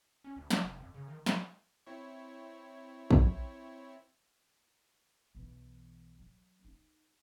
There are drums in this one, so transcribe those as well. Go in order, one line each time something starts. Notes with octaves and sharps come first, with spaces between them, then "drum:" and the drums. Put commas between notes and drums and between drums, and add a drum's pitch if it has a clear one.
C#4
D2
D4, drum: snare
F1
F2
C#3
D#3
drum: snare
C4 E4 C#5
drum: kick
B1 E3
F#3
D#4